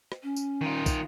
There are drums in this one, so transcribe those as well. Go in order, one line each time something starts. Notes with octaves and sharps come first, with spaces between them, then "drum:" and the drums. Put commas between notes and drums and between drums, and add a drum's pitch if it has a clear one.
drum: rim click
C#4
drum: tambourine
D#3 F4
drum: kick, tambourine